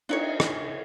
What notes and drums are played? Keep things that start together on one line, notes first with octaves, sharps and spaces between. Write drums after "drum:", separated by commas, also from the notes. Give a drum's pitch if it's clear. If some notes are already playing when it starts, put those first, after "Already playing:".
D4 D#4 C#5, drum: cymbal
drum: rim click